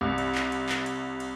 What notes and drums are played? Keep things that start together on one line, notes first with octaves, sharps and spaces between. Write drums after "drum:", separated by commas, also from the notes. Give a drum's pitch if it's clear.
C2
drum: cymbal
drum: clap
drum: cymbal
drum: clap
drum: cymbal
drum: cymbal